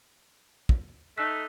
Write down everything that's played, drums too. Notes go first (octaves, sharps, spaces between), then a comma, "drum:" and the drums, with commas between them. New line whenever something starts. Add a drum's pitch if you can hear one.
drum: kick
A3 D#4 E6 F#6 B6